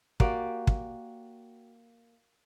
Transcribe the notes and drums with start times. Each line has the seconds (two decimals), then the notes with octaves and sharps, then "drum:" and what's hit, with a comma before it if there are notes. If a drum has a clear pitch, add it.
0.20 A#3 F#4 G4 D5, drum: kick
0.67 drum: kick